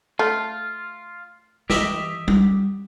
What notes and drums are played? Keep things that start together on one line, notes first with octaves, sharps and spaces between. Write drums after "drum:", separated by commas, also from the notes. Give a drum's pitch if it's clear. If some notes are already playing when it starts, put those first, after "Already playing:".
A3 F4
E3 G4 D#5 E5, drum: snare
G3, drum: tom G3